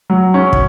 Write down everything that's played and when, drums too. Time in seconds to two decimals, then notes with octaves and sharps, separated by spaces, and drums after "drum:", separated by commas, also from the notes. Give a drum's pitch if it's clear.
0.10 F#3
0.34 C#4
0.53 drum: kick